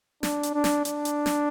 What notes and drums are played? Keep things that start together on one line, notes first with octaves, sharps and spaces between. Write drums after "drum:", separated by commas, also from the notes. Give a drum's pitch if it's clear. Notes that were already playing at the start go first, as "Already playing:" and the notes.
D4, drum: snare
drum: hi-hat
D4
drum: snare
D4, drum: hi-hat
drum: hi-hat
drum: snare